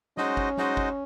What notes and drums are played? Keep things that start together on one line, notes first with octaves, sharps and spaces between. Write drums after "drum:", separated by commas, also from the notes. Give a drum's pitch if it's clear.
G#3 C#4 D#4 F#4 C5 D#5, drum: snare
drum: kick G1
G#3 D#4 F#4 C5 D#5, drum: snare
drum: kick G1